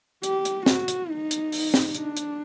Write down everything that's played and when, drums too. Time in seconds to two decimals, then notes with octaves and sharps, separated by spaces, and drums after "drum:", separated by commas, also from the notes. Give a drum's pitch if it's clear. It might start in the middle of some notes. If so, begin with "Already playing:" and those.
0.23 G4, drum: hi-hat
0.45 drum: hi-hat
0.66 F#4, drum: snare
0.88 drum: hi-hat
1.10 D#4
1.31 drum: hi-hat
1.52 drum: open hi-hat
1.74 drum: snare
1.95 D4, drum: hi-hat
2.17 drum: hi-hat